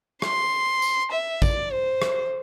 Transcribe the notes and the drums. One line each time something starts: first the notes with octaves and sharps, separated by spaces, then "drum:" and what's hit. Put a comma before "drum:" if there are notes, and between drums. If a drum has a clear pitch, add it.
C6, drum: rim click
drum: tambourine
E5
D5, drum: kick, tambourine
C5
drum: rim click